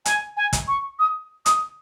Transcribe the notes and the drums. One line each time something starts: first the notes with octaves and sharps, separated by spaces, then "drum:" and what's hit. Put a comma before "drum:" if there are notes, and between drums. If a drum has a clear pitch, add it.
G#5, drum: hi-hat
G#5
drum: kick, hi-hat
C#6
D#6
D#6, drum: hi-hat